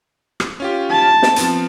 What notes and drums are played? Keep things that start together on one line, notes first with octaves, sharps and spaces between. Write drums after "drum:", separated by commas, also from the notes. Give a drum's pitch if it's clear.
drum: rim click
C#4 F4 G4
A5
drum: snare
F3 B3 C4, drum: hi-hat